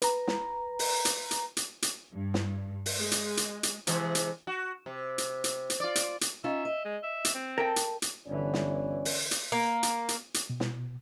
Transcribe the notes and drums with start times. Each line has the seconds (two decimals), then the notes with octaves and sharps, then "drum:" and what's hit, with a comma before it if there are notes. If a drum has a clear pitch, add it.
0.02 B4 A#5, drum: hi-hat
0.28 drum: snare
0.79 drum: open hi-hat
1.05 drum: hi-hat
1.31 drum: hi-hat
1.57 drum: hi-hat
1.82 drum: hi-hat
2.14 G2
2.34 drum: snare
2.86 drum: open hi-hat
2.99 G#3
3.12 drum: hi-hat
3.37 drum: hi-hat
3.63 drum: hi-hat
3.87 C3 E3 G#3, drum: hi-hat
4.15 drum: hi-hat
4.47 F#4
4.86 C3
5.18 drum: hi-hat
5.44 drum: hi-hat
5.70 drum: hi-hat
5.80 F4 D5
5.95 drum: hi-hat
6.21 drum: hi-hat
6.44 C#4 D#4 F4 E5
6.65 D#5
6.85 G#3
7.03 E5
7.25 drum: hi-hat
7.34 C4
7.58 A4 A#4 E5 G5
7.76 drum: hi-hat
8.02 drum: hi-hat
8.27 G1 D3 E3 C#4 D5
8.54 drum: snare
9.05 drum: open hi-hat
9.31 drum: hi-hat
9.52 A#3
9.83 drum: hi-hat
10.09 drum: hi-hat
10.34 drum: hi-hat
10.50 B2
10.60 drum: snare